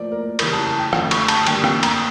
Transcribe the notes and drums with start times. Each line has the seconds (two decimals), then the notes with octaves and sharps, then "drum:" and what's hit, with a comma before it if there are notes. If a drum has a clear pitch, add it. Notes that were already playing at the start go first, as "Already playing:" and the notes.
Already playing: A2 F3 A#3 D5
0.12 A#4
0.39 C#3 E3 G3 A#4, drum: cymbal
0.53 A5
0.66 A5
0.79 G5
0.93 F2 D3 A3 G5, drum: rim click
1.11 C#6, drum: cymbal
1.28 A5, drum: cymbal
1.47 G2 D3 G3 A#3 G5, drum: cymbal
1.64 G5, drum: rim click
1.83 A#5, drum: cymbal